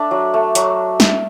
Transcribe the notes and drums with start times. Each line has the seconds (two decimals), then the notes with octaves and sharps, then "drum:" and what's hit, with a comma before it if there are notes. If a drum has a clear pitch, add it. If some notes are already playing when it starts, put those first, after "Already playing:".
Already playing: A3 D4 D5 E5
0.11 F#3
0.34 A3
0.55 F#3, drum: hi-hat
1.00 drum: snare